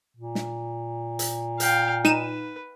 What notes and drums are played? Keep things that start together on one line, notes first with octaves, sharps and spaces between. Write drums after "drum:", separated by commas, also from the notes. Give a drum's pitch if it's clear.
A#2
drum: snare
drum: hi-hat
F5 G5, drum: hi-hat
D#4 B4 D#7 E7, drum: snare